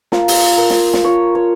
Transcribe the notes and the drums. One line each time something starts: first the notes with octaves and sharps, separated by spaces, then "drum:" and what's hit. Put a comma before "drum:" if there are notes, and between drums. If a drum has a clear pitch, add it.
A#3 F4 A#4, drum: snare
drum: open hi-hat
A#4
drum: snare
drum: snare
A#3 F4 C#5
C#5